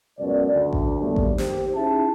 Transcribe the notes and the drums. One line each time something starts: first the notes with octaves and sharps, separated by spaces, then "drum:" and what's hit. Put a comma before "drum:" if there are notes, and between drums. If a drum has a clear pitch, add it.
C#2 F#2 B2 D5
D2
drum: kick A1
D#2 G3 A3 B3 D4
drum: kick A1
D#2 G4 C5, drum: snare
C#4 D#4 E4 G#4 A5